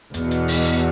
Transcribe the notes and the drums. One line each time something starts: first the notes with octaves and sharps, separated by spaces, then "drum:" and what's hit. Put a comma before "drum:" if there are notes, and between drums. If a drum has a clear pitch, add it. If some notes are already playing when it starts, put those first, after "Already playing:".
E2 B2, drum: hi-hat
drum: hi-hat
drum: open hi-hat
drum: hi-hat